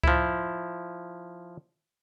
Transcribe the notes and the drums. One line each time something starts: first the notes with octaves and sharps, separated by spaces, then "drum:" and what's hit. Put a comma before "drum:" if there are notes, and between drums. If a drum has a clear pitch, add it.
F3 E4, drum: kick C#2